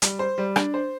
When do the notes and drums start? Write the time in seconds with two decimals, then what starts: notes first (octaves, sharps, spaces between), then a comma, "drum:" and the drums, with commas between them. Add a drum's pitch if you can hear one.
0.02 G3, drum: hi-hat
0.19 C5
0.38 G3
0.56 D4, drum: rim click
0.74 C5